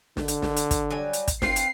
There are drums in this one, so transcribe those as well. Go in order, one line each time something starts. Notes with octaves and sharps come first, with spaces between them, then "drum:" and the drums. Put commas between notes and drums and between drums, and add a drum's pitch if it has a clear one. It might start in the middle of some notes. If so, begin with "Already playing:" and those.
D3, drum: snare
drum: hi-hat
drum: snare
drum: hi-hat
drum: kick, hi-hat
F#3 G3 G#5
drum: hi-hat
drum: kick, hi-hat
C4 F4 B4 C7, drum: snare
drum: hi-hat